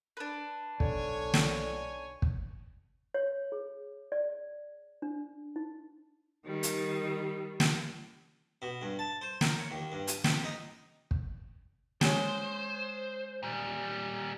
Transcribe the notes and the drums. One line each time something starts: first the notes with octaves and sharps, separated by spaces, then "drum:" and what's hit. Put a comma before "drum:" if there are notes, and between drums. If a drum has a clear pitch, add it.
D4 B4
B1 D3 C#5 G#5, drum: kick
drum: snare
drum: kick
C#5
G#4
D5
D4
D#4
D#3 G3
drum: hi-hat
drum: snare
B2
G2
A5
C5
A#4, drum: snare
C#5
D#2
G2
G#5, drum: hi-hat
C3, drum: snare
D#4
drum: kick
G#3 C#4 C5, drum: snare
A#2 G3